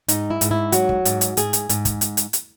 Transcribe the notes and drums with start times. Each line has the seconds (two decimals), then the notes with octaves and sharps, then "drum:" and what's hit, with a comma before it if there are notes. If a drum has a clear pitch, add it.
0.08 G#2 D#4, drum: hi-hat
0.30 E4
0.41 G#2, drum: hi-hat
0.51 E4
0.72 F#3 F#4, drum: hi-hat
0.89 drum: kick
1.05 G#2, drum: hi-hat
1.21 drum: hi-hat
1.37 G#2 G#4, drum: hi-hat
1.53 drum: hi-hat
1.69 G#2, drum: hi-hat
1.85 drum: kick, hi-hat
2.01 drum: hi-hat
2.17 drum: hi-hat
2.33 drum: hi-hat